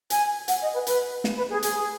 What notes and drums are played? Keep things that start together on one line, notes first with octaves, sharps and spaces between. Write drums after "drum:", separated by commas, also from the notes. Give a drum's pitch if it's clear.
G#5, drum: hi-hat
F#5, drum: hi-hat
D#5
B4
B4, drum: hi-hat
drum: snare
B4
G#4
G#4, drum: hi-hat